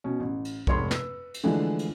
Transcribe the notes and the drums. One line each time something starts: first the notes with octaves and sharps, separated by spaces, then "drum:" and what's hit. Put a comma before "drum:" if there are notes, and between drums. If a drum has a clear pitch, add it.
B2 C#4
A1
drum: cymbal
F1 G#2 C#5 B5 C6, drum: kick B1
B4 E6, drum: snare
drum: cymbal
D3 E3 F3 G#3 A3 D4
drum: cymbal